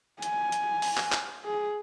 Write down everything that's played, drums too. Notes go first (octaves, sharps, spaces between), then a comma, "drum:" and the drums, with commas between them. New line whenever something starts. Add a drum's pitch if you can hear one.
G#5, drum: hi-hat
drum: hi-hat
drum: open hi-hat
drum: clap
drum: clap
G#4